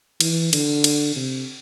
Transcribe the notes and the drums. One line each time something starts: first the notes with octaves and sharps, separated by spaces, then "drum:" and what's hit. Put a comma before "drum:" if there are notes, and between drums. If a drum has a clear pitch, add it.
E3, drum: cymbal
D3, drum: cymbal
drum: cymbal
C3